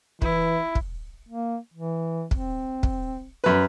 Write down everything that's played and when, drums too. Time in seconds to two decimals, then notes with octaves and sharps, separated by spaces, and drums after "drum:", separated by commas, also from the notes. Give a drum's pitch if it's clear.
0.22 E3 E4, drum: kick
0.75 drum: kick
1.29 A#3
1.74 E3
2.31 C4, drum: kick
2.83 drum: kick
3.44 F#2 B4